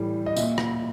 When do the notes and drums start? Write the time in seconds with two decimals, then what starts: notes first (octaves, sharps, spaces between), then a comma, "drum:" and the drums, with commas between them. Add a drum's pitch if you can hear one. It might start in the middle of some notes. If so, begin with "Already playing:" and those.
Already playing: A2 E3 G3
0.26 D#5
0.37 A#2 E5, drum: tambourine
0.58 drum: rim click